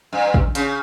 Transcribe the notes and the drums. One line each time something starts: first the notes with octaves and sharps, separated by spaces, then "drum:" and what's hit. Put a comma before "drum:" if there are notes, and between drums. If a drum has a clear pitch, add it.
G2
drum: kick
C#3, drum: hi-hat